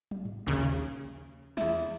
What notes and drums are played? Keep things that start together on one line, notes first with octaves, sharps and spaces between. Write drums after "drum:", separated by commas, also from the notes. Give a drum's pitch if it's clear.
drum: tom
drum: tom G#2
A#1 D#2 C#3
E2 E4, drum: snare